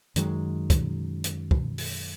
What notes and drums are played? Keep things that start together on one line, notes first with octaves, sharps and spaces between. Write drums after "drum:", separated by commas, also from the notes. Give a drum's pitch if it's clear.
F#2 D#3 F#3 G#3, drum: hi-hat
drum: kick, hi-hat
drum: hi-hat
drum: kick
drum: open hi-hat